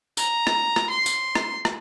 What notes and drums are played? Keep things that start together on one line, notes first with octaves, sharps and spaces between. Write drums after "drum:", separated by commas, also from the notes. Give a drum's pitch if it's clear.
A#5, drum: tambourine
drum: rim click
drum: rim click
C6
drum: tambourine
drum: rim click
drum: rim click